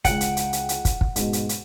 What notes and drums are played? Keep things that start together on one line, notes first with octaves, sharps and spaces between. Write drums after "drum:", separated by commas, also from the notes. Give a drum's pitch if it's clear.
C#2 F#5 G5 D7, drum: kick, hi-hat
drum: hi-hat
drum: hi-hat
drum: hi-hat
drum: hi-hat
drum: kick, hi-hat
drum: kick
G#2 B2, drum: hi-hat
drum: hi-hat
drum: hi-hat